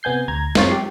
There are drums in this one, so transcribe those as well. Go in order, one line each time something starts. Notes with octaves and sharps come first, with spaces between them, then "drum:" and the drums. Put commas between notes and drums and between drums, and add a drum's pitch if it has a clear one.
C3 B3 G#5 G6 C7
D2 A#5 G#6
F#2 C4 F4 C#5 A6 C7, drum: snare
G4